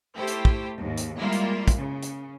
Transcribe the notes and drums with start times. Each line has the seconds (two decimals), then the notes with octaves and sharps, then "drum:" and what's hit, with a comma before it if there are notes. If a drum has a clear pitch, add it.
0.14 A3 E4 G4 A4 C5 G5
0.28 drum: hi-hat
0.45 drum: kick
0.80 D#2 G#2
0.98 drum: hi-hat
1.18 G3 G#3 A#3 E4 F4
1.33 drum: hi-hat
1.68 drum: kick, hi-hat
1.77 C#3
2.03 drum: hi-hat